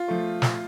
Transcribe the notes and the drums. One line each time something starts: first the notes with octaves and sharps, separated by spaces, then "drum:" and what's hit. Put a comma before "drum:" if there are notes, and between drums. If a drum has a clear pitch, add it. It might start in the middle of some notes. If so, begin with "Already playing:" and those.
Already playing: F4
F3 A3
drum: snare